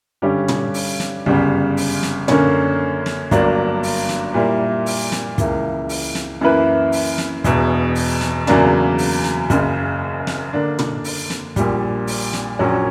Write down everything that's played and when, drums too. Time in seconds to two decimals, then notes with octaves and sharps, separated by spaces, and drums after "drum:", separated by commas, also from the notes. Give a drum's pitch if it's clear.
0.22 G2 D3 G3 C#4 G4
0.48 drum: tom
0.74 drum: open hi-hat
1.00 drum: snare
1.26 G1 F#2 C#3 G3, drum: kick
1.77 drum: open hi-hat
2.03 drum: snare
2.28 F#2 D3 A#3 C#4, drum: tom
3.06 drum: snare
3.31 G1 G2 F#3 A#3 D4, drum: kick, hi-hat
3.83 drum: open hi-hat
4.09 drum: snare
4.34 A#2 G3 A#3 E4
4.86 drum: open hi-hat
5.12 drum: snare
5.38 C#2 C#3 E3 A#3, drum: kick, hi-hat
5.89 drum: open hi-hat
6.15 drum: snare
6.41 F#2 E3 A#3 E4 B4
6.92 drum: open hi-hat
7.18 drum: snare
7.44 E1 E2 B2, drum: kick, hi-hat
7.95 drum: open hi-hat
8.21 drum: snare
8.47 E2 C#3 F#3 A#3 D4, drum: tom
8.98 drum: open hi-hat
9.24 drum: snare
9.50 F#1 F#2 C#3, drum: kick, hi-hat
10.27 drum: snare
10.53 D3 A#3 D4
10.79 drum: tom
11.04 drum: open hi-hat
11.30 drum: snare
11.56 A#1 A#2 G3, drum: kick, hi-hat
12.07 drum: open hi-hat
12.33 drum: snare
12.59 A#1 A#2 F#3 C#4